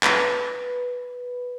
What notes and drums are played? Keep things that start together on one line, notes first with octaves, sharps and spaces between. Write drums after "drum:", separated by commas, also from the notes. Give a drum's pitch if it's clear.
B4, drum: clap